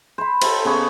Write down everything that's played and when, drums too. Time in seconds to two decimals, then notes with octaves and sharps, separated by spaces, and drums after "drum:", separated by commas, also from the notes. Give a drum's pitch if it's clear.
0.18 C5 B5
0.42 A4 A#4 C5, drum: cymbal
0.65 C#3 B3 C#5